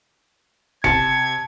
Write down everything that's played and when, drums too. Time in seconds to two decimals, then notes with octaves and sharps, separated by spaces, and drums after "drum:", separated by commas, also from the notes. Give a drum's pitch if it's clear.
0.84 C3 A5 G#6 C#7, drum: kick E1